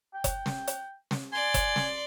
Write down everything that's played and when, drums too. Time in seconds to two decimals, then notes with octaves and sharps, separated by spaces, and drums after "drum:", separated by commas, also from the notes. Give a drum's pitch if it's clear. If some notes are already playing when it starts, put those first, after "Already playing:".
0.14 G5
0.24 drum: kick F#1, hi-hat
0.46 drum: snare
0.67 drum: hi-hat
1.11 drum: snare
1.33 D5 G#5 C6
1.54 drum: kick F#1, hi-hat
1.76 drum: snare